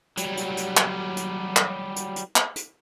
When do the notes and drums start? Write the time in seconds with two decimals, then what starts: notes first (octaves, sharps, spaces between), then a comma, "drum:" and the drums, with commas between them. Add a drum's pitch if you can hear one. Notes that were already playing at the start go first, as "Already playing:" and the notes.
0.17 F#3 G3, drum: hi-hat
0.37 drum: hi-hat
0.57 drum: hi-hat
0.77 drum: clap
1.17 drum: hi-hat
1.56 drum: clap
1.96 drum: hi-hat
2.16 drum: hi-hat
2.36 drum: clap
2.56 drum: hi-hat